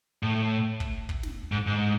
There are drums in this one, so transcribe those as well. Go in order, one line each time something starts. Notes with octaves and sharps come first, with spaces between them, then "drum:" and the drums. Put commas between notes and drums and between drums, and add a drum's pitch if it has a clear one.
A2
drum: kick
drum: kick
drum: snare
G#2
G#2